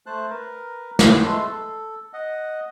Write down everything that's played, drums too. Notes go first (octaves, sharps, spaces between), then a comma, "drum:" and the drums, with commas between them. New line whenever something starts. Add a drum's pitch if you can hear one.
A3 C5 A5 F#6
A#4 B4
B3 C#4 G4, drum: snare
G#3 A3 B4 A5 C6 E6
A4
D#5 F#5